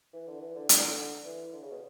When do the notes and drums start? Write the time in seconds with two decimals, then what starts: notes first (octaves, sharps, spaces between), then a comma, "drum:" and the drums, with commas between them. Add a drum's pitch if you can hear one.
0.13 E3
0.27 D3
0.40 E3
0.55 D3
0.69 D3, drum: hi-hat
0.83 D3
1.25 E3
1.52 D3
1.62 C#3
1.71 B2